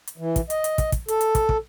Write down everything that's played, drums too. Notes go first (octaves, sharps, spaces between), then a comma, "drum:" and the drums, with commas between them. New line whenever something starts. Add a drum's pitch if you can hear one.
drum: hi-hat
E3
drum: kick, hi-hat
D#5, drum: hi-hat
drum: hi-hat
drum: kick, hi-hat
drum: kick, hi-hat
A4, drum: hi-hat
drum: hi-hat
drum: kick, hi-hat
drum: kick